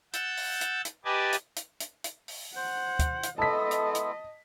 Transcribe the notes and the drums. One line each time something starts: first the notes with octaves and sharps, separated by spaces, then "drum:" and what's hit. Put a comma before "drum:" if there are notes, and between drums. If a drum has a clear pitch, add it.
F#5 E6 G6 A6, drum: hi-hat
drum: open hi-hat
drum: hi-hat
drum: hi-hat
G4 B4 D5 D#5 G#5 A5
drum: hi-hat
drum: hi-hat
drum: hi-hat
drum: hi-hat
drum: open hi-hat
C5 F#5
drum: kick, hi-hat
drum: hi-hat
G#3 B3 E4 A4 D#5 A5 B6
drum: hi-hat
drum: hi-hat